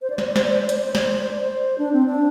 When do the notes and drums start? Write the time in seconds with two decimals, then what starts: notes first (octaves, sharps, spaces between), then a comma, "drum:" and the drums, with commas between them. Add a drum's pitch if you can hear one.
0.02 C5
0.10 D5
0.18 C5, drum: snare
0.27 D5
0.36 C5, drum: snare
0.44 D5
0.52 C5
0.61 D5
0.69 C5, drum: hi-hat
0.78 D5
0.86 C5
0.95 D5, drum: snare
1.02 C5
1.21 C5
1.31 D5
1.42 C5
1.78 D4
1.93 C4
2.06 D4